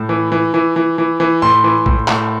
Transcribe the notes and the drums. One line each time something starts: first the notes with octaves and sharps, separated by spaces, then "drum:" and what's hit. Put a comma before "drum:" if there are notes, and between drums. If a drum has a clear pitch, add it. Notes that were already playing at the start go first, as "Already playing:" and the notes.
Already playing: A2
E3
E3
E3
E3
E3
E3
A2 C6
E3
A2, drum: kick
A2, drum: clap